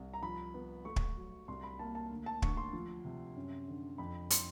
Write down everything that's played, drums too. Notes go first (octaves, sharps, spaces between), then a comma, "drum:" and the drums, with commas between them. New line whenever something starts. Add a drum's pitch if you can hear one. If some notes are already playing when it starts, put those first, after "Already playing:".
Already playing: C2
A#5
F3 B5
B3
A3 C#6
drum: kick
F#3
C2 C6
B5
A#3 A5
A5
D2
A5
D2 C#6, drum: kick
C6
F3
C3
F#2
D3
F2 B5
C6, drum: hi-hat